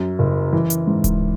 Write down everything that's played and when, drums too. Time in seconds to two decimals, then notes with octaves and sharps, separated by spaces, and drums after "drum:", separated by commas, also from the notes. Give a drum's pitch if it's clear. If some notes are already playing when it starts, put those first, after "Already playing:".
Already playing: F#2
0.19 F#1
0.53 E3
0.70 drum: hi-hat
0.87 G#2
1.04 drum: kick D1, hi-hat